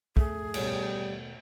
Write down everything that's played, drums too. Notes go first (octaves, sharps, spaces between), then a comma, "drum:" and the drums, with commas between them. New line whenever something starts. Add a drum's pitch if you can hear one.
A3 G#4, drum: kick
D#2 B2 G3, drum: cymbal